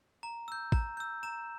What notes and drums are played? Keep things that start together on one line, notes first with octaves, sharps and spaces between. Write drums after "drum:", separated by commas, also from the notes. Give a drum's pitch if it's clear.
A#5
E6 G6
A#5, drum: kick
E6 G6
A#5 E7